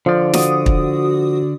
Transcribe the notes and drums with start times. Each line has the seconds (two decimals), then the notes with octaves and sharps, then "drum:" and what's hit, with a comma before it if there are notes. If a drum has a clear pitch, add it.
0.06 D3 F3 D5
0.33 F#4 D#6, drum: snare
0.66 drum: kick